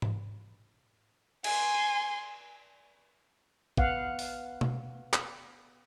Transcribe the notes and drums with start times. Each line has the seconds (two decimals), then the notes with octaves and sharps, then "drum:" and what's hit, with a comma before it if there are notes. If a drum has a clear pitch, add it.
0.02 drum: tom G#2
1.44 G#5 C6, drum: cymbal
3.77 B3 F5 F#5, drum: kick A1
4.19 drum: open hi-hat
4.61 drum: tom B2
5.13 drum: clap